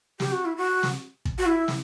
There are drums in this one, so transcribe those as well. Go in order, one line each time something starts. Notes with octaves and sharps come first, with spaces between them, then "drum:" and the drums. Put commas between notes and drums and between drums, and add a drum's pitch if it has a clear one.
G4, drum: snare
F#4
E4
F#4
drum: snare
drum: kick
F#4
E4
drum: snare